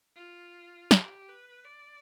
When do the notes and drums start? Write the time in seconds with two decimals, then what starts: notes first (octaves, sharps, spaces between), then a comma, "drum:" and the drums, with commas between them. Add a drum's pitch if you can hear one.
0.16 F4
0.91 G4, drum: snare
1.29 B4
1.65 D5